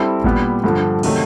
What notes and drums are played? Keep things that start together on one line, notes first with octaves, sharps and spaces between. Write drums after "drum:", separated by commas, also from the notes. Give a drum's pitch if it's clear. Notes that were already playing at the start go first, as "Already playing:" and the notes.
Already playing: G3 C4 E4 A4
A#2 G3 B3, drum: kick G#1
G2 D3 F3
C3 D#3 F#3 A3, drum: cymbal